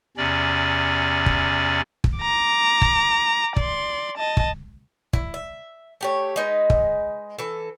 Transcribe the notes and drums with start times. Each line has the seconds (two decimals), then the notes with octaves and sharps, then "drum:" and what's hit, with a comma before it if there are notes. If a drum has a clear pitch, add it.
0.17 E2 C3 C#4 D5
1.26 drum: kick
2.04 drum: kick
2.19 A#5 D6
2.82 drum: kick
3.56 D5 C6, drum: kick
4.17 D#5 A5
4.37 drum: kick
5.13 E4, drum: kick
5.34 E5
6.01 A3 G4 C#5
6.36 G#3 D#4 B4
6.70 drum: kick
7.39 E3 A4